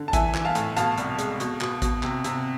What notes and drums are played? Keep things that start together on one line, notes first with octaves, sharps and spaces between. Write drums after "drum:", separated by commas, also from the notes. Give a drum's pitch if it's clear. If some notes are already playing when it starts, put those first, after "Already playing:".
Already playing: D3
A5
E3 E5 G#5, drum: kick A1, hi-hat
E3, drum: clap
F5 A5
A2, drum: hi-hat
B2 F5 A5, drum: hi-hat
C2, drum: hi-hat
G#3, drum: hi-hat
B2, drum: hi-hat
B2, drum: clap
B2, drum: kick A1, hi-hat
C3, drum: clap
C3, drum: hi-hat